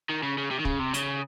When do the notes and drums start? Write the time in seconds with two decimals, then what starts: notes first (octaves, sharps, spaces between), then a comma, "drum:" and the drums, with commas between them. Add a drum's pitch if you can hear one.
0.09 D#3
0.23 C#3
0.38 C#3
0.51 C3
0.60 D#3
0.65 C#3, drum: kick
0.80 C3
0.94 C#3, drum: hi-hat